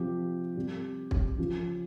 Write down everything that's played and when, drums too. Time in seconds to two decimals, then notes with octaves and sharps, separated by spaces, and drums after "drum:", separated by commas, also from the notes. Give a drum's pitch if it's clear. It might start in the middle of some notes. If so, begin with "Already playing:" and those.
Already playing: C3 F3 G4
0.56 C3 G3
1.11 drum: kick
1.38 C#3 F3